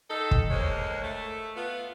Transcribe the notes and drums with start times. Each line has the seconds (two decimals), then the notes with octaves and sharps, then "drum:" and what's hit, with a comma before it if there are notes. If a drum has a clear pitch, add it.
0.10 D#3 D#4 A4
0.31 drum: kick
0.51 D2 G#3 A#3 C5 C#5
1.04 A3
1.56 B3 F4